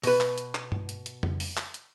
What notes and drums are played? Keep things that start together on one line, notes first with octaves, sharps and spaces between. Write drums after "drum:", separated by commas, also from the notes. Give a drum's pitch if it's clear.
B2 B4, drum: open hi-hat
drum: clap
drum: hi-hat
drum: clap
drum: tom G2
drum: hi-hat
drum: hi-hat
drum: tom F2
drum: open hi-hat
drum: clap
drum: hi-hat